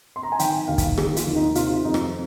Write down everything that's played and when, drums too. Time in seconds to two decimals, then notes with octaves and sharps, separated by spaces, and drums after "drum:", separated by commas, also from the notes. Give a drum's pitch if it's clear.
0.16 C6
0.23 A#5
0.32 G#5
0.39 D#3 G5, drum: hi-hat
0.68 D#2 F5
0.78 drum: kick, hi-hat
0.98 D#2 G#4, drum: rim click
1.16 F4, drum: hi-hat
1.27 D#3
1.36 D#4
1.55 C3 F4, drum: hi-hat
1.85 F2 D#4
1.94 drum: rim click